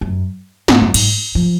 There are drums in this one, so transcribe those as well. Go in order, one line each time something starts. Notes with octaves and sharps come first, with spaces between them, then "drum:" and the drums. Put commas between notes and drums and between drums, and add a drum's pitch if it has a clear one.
F#2
G#2, drum: snare
F#2
G#2, drum: cymbal
F3